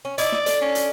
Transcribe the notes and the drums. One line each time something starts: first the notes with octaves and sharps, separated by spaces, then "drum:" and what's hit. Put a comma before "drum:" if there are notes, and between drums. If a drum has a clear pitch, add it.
C#4
D#4 E4 D5, drum: hi-hat
drum: snare
D4 A4, drum: hi-hat
C#4
drum: hi-hat